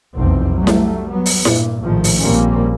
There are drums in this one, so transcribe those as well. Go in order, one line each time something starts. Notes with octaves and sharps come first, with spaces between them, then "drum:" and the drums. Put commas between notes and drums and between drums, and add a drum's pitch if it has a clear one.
F1 B1 E2 C4
F#3 G3 A3
drum: snare E4
F#3 B3
drum: open hi-hat
G2 A#2, drum: snare E4
A#1 A2 D#3 F3
drum: open hi-hat
A#1 A#2 G3 A#3 C4 C#4